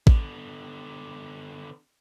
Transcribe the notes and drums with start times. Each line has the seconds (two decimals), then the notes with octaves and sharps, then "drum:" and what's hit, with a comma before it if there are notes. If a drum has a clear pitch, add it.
0.07 D3 B3, drum: kick